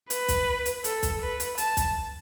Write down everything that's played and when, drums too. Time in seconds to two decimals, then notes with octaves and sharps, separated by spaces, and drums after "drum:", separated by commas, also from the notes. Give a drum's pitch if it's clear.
0.10 B4, drum: hi-hat
0.28 drum: kick, hi-hat
0.66 drum: hi-hat
0.84 A4, drum: hi-hat
1.03 drum: kick, hi-hat
1.22 B4
1.40 drum: hi-hat
1.58 A5, drum: hi-hat
1.77 drum: kick, hi-hat